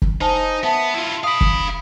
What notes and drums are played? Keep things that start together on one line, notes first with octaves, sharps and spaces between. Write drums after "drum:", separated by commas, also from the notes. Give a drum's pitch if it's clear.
drum: kick
D#4 C5 G#5 A5
B3 E5 A5
E4 F4
F5 B5 D#6 D7 F#7
drum: kick